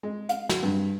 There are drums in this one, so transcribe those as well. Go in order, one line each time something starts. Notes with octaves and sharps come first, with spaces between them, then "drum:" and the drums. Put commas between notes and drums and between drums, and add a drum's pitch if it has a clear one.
G#3
F5, drum: hi-hat
F#3, drum: snare
G2